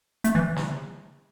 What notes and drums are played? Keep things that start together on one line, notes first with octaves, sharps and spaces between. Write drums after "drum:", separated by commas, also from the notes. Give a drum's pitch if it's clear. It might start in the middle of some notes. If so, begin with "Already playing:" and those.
A3, drum: hi-hat
E3
drum: snare